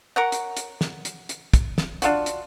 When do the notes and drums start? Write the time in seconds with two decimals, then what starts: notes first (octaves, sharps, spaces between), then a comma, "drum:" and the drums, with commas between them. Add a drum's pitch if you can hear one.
0.16 A#4 C#5 F#5
0.32 drum: hi-hat
0.57 drum: hi-hat
0.81 drum: snare
1.05 drum: hi-hat
1.29 drum: hi-hat
1.54 drum: kick, hi-hat
1.78 drum: snare
2.02 D4 F4 F#4, drum: hi-hat
2.26 drum: hi-hat